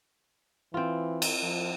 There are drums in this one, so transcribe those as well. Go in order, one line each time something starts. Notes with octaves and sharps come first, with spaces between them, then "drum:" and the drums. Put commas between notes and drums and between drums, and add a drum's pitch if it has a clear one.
E3 C4 F4
drum: cymbal
F3